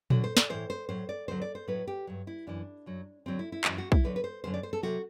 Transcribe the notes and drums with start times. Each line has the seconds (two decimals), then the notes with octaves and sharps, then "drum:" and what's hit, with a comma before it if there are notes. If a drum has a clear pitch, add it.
0.10 D2 D3 F#3 F#4, drum: tom A#2
0.24 C5
0.37 D5, drum: snare
0.50 A2 E3 C5
0.70 C5
0.89 A2 F#3 C5
1.09 D5
1.28 D2 D3 F#3 C5
1.42 D5
1.55 C5
1.67 A2 F#3 B4
1.87 G4
2.07 G2 F#3
2.27 E4
2.47 F#2 E3 D4
2.86 F#2 F#3
3.26 D2 D3 F#3 C4
3.39 E4
3.52 E4
3.64 F#2 E3 F#4, drum: clap
3.78 F#4
3.92 E4, drum: kick B1
4.04 E2 D3 F#3 B4
4.16 B4
4.24 C5
4.44 F#2 D3 F#3 C5
4.54 D5
4.63 C5
4.73 A4
4.83 C3 F#3 F#4